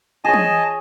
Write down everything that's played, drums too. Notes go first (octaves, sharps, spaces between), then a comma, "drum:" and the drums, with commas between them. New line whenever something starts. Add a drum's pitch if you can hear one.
G#4 C#5 D#5 G#5 A5
drum: tom